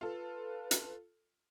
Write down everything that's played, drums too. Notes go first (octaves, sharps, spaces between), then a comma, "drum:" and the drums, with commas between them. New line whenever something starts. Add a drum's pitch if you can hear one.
F4 A4 B4
drum: hi-hat